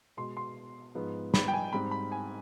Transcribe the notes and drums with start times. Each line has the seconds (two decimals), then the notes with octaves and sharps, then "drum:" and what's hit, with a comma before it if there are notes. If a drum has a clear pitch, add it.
0.17 B2 G#3 B3 C6
0.37 C6
0.95 G#2 F3 G#3 B3
1.34 B5, drum: snare
1.48 G5
1.53 G#5
1.73 G#2 G3 C4 B5
1.91 B5
2.12 G#5